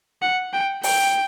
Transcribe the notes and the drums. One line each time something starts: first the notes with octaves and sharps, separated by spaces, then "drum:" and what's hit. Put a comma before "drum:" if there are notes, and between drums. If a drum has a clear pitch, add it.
F#5
G5
G5, drum: open hi-hat